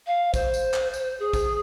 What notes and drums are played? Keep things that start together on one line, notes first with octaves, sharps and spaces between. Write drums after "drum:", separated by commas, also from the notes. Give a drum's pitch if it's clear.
F5
C5, drum: kick, tambourine
drum: tambourine
drum: clap
drum: tambourine
G#4
drum: kick, tambourine